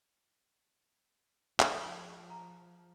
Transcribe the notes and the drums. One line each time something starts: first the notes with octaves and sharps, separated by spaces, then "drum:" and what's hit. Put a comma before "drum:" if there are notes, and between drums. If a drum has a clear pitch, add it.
F3 G#4, drum: clap
A#5